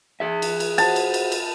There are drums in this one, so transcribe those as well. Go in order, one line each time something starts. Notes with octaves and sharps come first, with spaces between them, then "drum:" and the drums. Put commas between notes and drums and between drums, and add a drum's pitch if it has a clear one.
G#4 E5
drum: cymbal
drum: cymbal
F#4 C5 F#5 A5, drum: cymbal
drum: cymbal
drum: cymbal
drum: cymbal